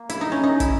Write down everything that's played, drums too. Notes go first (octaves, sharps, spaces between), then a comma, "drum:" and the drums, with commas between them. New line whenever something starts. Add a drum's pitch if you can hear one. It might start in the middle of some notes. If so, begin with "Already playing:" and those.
Already playing: A#3
E4, drum: hi-hat
D#4
C#4
D#4
E4, drum: kick, hi-hat